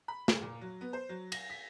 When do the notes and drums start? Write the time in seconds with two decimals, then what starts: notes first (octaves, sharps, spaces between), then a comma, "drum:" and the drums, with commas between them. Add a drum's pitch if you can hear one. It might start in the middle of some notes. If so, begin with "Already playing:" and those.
0.08 B5
0.28 G#4, drum: snare
0.42 A#2
0.61 F#3
0.81 B3
0.93 C5
1.09 F#3
1.32 A#6, drum: cymbal
1.50 B6